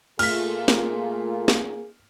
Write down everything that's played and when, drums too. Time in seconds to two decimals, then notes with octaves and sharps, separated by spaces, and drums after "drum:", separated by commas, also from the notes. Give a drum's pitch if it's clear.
0.19 A#2 A3 A#3 F4 G#4 F6 B6, drum: cymbal
0.68 drum: snare
1.48 drum: snare